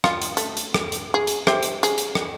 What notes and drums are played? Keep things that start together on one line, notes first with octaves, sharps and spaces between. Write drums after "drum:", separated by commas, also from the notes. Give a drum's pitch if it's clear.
F4, drum: rim click
drum: hi-hat
A3, drum: hi-hat
drum: hi-hat
drum: rim click
drum: hi-hat
G#4
drum: hi-hat
G4 C5 E5, drum: rim click
drum: hi-hat
G#4, drum: hi-hat
drum: hi-hat
drum: rim click